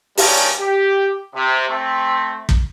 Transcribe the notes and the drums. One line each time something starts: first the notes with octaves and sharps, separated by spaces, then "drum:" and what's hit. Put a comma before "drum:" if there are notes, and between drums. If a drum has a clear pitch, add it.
D#3 G3 A#3 C#4 D4, drum: open hi-hat
G4
C3
A3 C4
drum: kick